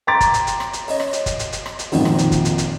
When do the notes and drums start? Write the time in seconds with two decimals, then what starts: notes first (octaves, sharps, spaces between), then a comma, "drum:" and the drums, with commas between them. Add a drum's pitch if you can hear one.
0.07 G5 A#5 C6 D6 A6 D7
0.20 drum: kick, hi-hat
0.34 drum: hi-hat
0.47 drum: hi-hat
0.60 drum: rim click
0.73 drum: hi-hat
0.88 C#5 D#5, drum: open hi-hat
1.00 drum: rim click
1.13 drum: hi-hat
1.26 drum: kick, hi-hat
1.39 drum: hi-hat
1.52 drum: hi-hat
1.66 drum: rim click
1.79 drum: hi-hat
1.92 G#1 F2 A#2 D#3 F3, drum: open hi-hat
2.05 drum: rim click
2.18 drum: hi-hat
2.32 drum: kick, hi-hat
2.45 drum: hi-hat
2.58 drum: hi-hat